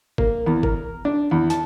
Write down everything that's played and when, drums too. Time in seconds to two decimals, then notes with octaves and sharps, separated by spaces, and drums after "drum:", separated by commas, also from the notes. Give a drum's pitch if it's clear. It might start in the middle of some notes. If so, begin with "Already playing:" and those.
0.18 A#3, drum: kick G1
0.46 E2
0.63 A#4, drum: kick G1
1.05 D4
1.31 E2
1.50 A5, drum: hi-hat